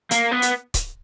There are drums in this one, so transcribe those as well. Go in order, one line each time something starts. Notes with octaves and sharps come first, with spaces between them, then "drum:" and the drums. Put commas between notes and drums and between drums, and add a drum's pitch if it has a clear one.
A#3, drum: hi-hat
B3
drum: hi-hat
drum: kick C#1, hi-hat